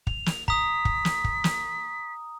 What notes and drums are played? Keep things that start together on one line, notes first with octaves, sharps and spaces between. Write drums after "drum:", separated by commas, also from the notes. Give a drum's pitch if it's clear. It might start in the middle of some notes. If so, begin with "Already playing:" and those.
F7, drum: kick
drum: snare
A#5 D#6 B6, drum: kick
drum: kick
drum: snare
drum: kick
drum: snare